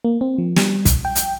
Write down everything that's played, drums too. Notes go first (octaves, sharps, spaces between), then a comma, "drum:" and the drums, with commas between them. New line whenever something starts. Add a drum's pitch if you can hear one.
A#3
C4
F3
G3, drum: snare
B1, drum: kick, hi-hat
G5
drum: hi-hat